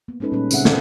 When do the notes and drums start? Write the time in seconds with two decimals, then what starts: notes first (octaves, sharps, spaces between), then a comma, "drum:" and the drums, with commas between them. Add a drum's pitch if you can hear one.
0.08 A#3 B3
0.20 G#3 C#4 D#4 A4 B4
0.32 A#2 G3 C#4 B4
0.51 C#3 C4 G#4 E5 F#5, drum: tambourine
0.65 D3 D#3 A4 F#5, drum: snare